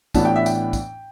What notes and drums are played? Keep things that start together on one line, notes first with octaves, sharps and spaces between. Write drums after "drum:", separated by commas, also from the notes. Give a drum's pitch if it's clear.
A1 A2 E3 B3 D4 A5, drum: kick, tambourine
G5
E5
G5, drum: tambourine
drum: kick, tambourine